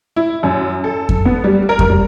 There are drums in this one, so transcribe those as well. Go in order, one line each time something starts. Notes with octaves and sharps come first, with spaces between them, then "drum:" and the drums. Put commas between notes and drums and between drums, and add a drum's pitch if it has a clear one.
E4
F#2
A4
drum: kick F2
B3
G3
A#4
drum: kick F2
G3